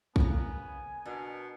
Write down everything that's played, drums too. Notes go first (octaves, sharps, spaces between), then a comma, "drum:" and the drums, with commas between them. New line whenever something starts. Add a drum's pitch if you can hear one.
C#3 A#3 B3 G#5 A#5, drum: kick
B2 D4 A#4